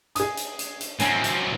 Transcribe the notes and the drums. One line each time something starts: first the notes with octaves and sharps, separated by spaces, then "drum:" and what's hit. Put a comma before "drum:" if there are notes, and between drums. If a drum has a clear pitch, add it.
G#4 D#6, drum: hi-hat
drum: hi-hat
drum: hi-hat
drum: hi-hat
F#3 C4 G#5, drum: hi-hat
drum: hi-hat